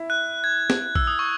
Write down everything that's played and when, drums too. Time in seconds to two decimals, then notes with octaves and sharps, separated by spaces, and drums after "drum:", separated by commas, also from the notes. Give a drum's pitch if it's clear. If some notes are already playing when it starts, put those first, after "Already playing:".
Already playing: E4
0.10 F#6
0.44 G#6
0.70 drum: snare
0.95 E6, drum: kick A#1
1.07 D#6
1.19 C#6